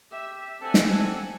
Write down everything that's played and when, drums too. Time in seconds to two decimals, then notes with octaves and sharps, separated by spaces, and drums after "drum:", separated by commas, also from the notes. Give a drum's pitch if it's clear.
0.11 G4 E5
0.61 C4 D4 A4 F#5 G#5 A5
0.74 drum: snare